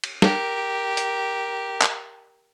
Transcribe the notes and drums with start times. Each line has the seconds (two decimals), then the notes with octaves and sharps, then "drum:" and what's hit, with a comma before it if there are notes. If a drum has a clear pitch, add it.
0.04 drum: cymbal
0.22 G4 A#4, drum: snare
0.97 drum: hi-hat
1.82 drum: clap